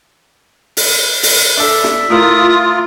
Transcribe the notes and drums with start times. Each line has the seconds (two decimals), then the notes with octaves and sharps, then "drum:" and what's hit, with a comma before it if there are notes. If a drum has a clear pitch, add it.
0.77 drum: open hi-hat
1.23 drum: open hi-hat
1.57 D4 A4 E5
1.84 drum: snare
2.10 A3 E4 F4 A#4 D#6